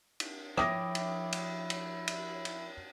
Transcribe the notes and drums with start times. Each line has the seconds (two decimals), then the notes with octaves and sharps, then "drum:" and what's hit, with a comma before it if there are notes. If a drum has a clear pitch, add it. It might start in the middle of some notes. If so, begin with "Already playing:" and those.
0.20 drum: cymbal
0.57 F3 E4 C#5 E5 G5 D6 D#6 A#6, drum: rim click
0.95 drum: cymbal
1.32 drum: cymbal
1.70 drum: cymbal
2.08 drum: cymbal
2.45 drum: cymbal